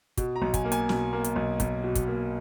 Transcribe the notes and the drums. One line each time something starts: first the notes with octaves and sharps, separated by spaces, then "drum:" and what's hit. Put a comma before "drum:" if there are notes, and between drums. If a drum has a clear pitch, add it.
B2, drum: kick, hi-hat
A#5
B1
G#5, drum: kick, hi-hat
A#3
G#5, drum: hi-hat
B2, drum: snare
A#3
drum: hi-hat
B1
B1, drum: kick, hi-hat
B2
drum: kick, hi-hat
A#3